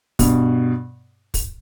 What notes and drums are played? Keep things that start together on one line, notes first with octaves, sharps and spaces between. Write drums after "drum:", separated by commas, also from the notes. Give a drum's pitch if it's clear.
G2 B2, drum: kick, open hi-hat
drum: kick, open hi-hat